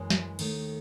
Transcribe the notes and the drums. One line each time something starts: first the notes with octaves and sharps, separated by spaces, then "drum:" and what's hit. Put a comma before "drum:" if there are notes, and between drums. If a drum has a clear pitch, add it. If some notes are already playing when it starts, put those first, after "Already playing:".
Already playing: F#2 E3 G#3
drum: snare
D#2 D#3 A3, drum: cymbal